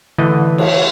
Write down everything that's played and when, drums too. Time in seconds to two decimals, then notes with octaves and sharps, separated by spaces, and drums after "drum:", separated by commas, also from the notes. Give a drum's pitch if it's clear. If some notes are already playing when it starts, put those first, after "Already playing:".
0.18 D3 E3 A3 D#5
0.58 C#5, drum: cymbal